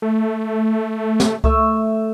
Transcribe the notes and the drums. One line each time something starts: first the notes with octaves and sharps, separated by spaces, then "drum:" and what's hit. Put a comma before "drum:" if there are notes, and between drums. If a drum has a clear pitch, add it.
A3
drum: snare
A3 E5, drum: kick C#2